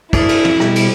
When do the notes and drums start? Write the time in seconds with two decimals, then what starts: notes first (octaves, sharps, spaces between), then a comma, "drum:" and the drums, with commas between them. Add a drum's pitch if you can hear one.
0.13 D4 E4 G#4 A#4, drum: kick, cymbal
0.29 drum: cymbal
0.44 drum: tom
0.60 B2 G3, drum: rim click
0.76 drum: cymbal